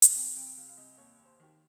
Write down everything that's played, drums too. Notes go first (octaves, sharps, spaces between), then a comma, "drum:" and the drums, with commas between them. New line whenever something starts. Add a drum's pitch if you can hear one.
drum: hi-hat
C3 G5
C2 G5
C3 F5
F5
C2 D#5
D#2 C#5
D#2
C5
D#3 G4